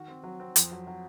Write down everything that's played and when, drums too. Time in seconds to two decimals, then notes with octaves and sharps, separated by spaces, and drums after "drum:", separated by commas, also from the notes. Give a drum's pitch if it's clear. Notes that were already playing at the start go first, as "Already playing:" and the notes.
Already playing: D#3 F#4
0.08 C4
0.24 F#3
0.40 C4
0.56 F2, drum: hi-hat
0.71 F#3
0.87 F#3